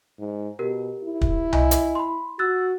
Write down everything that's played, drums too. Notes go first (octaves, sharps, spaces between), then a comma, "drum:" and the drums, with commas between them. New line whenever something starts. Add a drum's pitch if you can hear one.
G#2
B2 G4 A#4
E4
drum: kick
D#5 G#5, drum: tom C2
drum: hi-hat
B5 C6
F#4 E6 F#6 A6